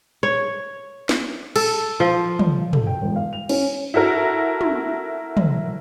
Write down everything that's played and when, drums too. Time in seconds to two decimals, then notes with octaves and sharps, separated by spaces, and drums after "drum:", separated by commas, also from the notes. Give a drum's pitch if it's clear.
0.23 C#5
1.09 drum: snare
1.56 A4, drum: cymbal
2.00 F3
2.39 drum: tom
2.73 A4, drum: tom
2.87 G5
3.02 E1
3.16 F5
3.33 F7
3.49 C#4, drum: cymbal
3.94 E4 F#4 A4 A#4
4.61 drum: tom
5.37 drum: tom